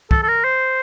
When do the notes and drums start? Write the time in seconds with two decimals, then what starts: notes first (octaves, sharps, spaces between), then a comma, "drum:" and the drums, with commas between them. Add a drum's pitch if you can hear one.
0.11 A4, drum: kick
0.23 A4
0.28 A#4
0.44 C5